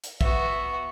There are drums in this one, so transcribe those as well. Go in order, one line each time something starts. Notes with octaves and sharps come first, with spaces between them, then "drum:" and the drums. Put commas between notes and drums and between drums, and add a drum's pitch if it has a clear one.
drum: hi-hat
B3 F#4 E5, drum: kick